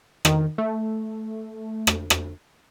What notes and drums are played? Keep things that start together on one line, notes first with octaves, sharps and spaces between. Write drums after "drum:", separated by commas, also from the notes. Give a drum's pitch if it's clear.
D#3, drum: rim click
A3
drum: rim click
drum: rim click